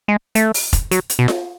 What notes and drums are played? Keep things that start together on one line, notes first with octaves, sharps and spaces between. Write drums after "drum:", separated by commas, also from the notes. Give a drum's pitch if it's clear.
G#3
A3, drum: hi-hat
drum: open hi-hat
drum: kick F1, hi-hat
F#3, drum: hi-hat
drum: hi-hat
B2
drum: snare F4